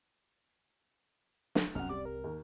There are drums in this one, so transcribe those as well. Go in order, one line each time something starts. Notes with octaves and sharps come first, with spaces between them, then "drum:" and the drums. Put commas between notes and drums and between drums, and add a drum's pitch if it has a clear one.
drum: snare
C2 F#2 C4 F#5 F6
G3 D5
A#4
D#2